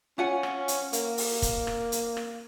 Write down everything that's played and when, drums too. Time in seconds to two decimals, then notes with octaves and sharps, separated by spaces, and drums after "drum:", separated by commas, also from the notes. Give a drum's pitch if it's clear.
0.18 C#4 F4 C#5 F#5 G#5
0.43 drum: rim click
0.68 drum: hi-hat
0.93 A#3 F5, drum: hi-hat
1.18 drum: open hi-hat
1.42 drum: kick, hi-hat
1.67 drum: rim click
1.92 drum: hi-hat
2.17 drum: rim click